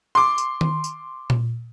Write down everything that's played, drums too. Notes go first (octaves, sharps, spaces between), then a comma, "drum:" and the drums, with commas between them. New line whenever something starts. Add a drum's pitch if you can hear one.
C6 D6
drum: tambourine
drum: tom D#3
drum: tambourine
drum: tom A#2